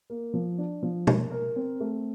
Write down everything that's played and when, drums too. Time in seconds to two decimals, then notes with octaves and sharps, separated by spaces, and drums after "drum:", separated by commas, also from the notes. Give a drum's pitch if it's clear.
0.10 A#3
0.34 F3
0.58 D4
0.83 F3
1.07 A#3, drum: tom B2
1.31 A#4
1.56 C4
1.80 A3